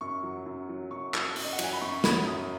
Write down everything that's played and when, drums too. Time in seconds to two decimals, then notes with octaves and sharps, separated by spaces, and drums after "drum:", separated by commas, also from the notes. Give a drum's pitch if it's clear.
0.01 F#2 C#6
0.23 F#3
0.46 F#2
0.69 F#3
0.91 F#2 C#6
1.14 F#3, drum: clap
1.36 F#2, drum: open hi-hat
1.44 D#5
1.53 F#5
1.59 F#3 G#5, drum: cymbal
1.73 B5
1.81 F#2 C#6
2.04 F#3 B5, drum: snare
2.26 F#2 D#6